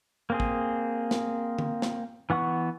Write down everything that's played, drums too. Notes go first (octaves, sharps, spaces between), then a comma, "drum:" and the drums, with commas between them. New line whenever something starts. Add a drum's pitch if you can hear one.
A#3 C4 G#4
drum: kick
drum: snare
drum: tom D3
drum: snare
E3 B3 F#5 C#6